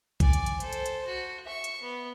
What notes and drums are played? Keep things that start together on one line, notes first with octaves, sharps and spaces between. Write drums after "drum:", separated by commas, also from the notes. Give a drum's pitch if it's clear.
D5 G#5, drum: kick, hi-hat
drum: hi-hat
drum: hi-hat
A4 C5, drum: hi-hat
drum: hi-hat
drum: hi-hat
F#4
E5 C#6
drum: hi-hat
B3